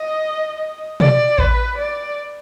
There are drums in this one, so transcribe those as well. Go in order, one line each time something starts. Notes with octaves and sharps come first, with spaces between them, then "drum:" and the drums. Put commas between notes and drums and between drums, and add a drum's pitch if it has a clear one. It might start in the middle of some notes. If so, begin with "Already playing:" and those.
Already playing: D#5
D5, drum: tom
B4, drum: kick A1
D5